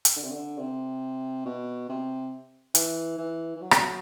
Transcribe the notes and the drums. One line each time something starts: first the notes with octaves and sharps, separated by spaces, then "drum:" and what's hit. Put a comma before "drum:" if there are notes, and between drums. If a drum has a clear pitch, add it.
drum: hi-hat
D3
C3
D3
C3
B2
C3
E3, drum: hi-hat
E3
E3
F#3
drum: rim click